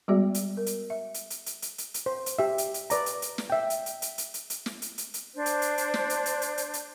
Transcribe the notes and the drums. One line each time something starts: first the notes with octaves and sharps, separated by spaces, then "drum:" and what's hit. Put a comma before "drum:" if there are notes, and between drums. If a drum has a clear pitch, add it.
G3 G#3 B3 F#4 G#4 D5
drum: hi-hat
A#4
drum: hi-hat
E5
drum: hi-hat
drum: hi-hat
drum: hi-hat
drum: hi-hat
drum: hi-hat
drum: hi-hat
C5
drum: hi-hat
G4 E5
drum: hi-hat
drum: hi-hat
B4 D5 A#5, drum: hi-hat
drum: hi-hat
drum: hi-hat
drum: snare
E5 G5
drum: hi-hat
drum: hi-hat
drum: hi-hat
drum: hi-hat
drum: hi-hat
drum: hi-hat
drum: snare
drum: hi-hat
drum: hi-hat
drum: hi-hat
D4 C5
drum: hi-hat
drum: hi-hat
drum: hi-hat
drum: snare
drum: hi-hat
drum: hi-hat
drum: hi-hat
drum: hi-hat
drum: hi-hat